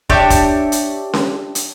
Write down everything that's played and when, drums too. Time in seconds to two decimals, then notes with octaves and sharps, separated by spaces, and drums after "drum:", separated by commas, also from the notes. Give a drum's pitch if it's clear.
0.10 D4 G4 C#5 E5, drum: kick
0.30 drum: kick, hi-hat
0.72 drum: hi-hat
1.13 drum: snare C#4
1.55 drum: hi-hat